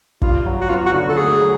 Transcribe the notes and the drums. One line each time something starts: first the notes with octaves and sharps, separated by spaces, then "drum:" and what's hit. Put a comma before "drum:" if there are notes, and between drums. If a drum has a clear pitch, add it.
G2 F4, drum: kick
F#3
F#4
G1 F4
F#4
D3
A4
D2 G#4
F#3